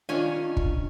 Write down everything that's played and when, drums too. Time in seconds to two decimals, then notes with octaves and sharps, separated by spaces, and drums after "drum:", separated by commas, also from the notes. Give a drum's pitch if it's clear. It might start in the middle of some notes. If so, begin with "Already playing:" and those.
0.09 D#3 C#4 D4 F4 G#5
0.57 drum: kick